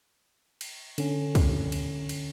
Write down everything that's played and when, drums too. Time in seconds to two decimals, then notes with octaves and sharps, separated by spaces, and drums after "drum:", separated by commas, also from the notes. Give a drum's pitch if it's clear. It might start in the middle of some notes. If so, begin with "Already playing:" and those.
0.61 drum: cymbal
0.98 D3 C#4, drum: cymbal
1.35 drum: kick, cymbal
1.72 drum: cymbal
2.09 drum: cymbal